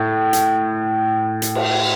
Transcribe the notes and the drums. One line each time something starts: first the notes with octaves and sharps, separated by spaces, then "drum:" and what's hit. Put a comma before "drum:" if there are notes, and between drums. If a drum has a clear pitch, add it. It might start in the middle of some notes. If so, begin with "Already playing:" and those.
Already playing: A2
drum: hi-hat
drum: hi-hat
drum: cymbal